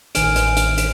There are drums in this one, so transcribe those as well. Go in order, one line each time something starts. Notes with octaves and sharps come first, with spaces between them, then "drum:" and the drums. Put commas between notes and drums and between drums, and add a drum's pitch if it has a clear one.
A1 D#3 G#5 F6 D7, drum: hi-hat
drum: hi-hat
drum: hi-hat
drum: hi-hat